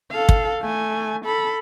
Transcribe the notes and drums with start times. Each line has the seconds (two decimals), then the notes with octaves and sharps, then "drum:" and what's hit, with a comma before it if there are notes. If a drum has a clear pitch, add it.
0.11 A4 F5
0.29 drum: kick
0.62 A3 G#5
1.25 A4 B5